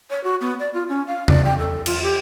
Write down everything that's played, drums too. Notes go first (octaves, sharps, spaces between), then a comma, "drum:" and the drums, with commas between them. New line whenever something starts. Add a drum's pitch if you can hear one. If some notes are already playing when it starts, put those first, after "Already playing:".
C#5
F#4
B3
D5
F4
C#4
F5
D5, drum: tom E2
G5
A4
F4, drum: cymbal
G4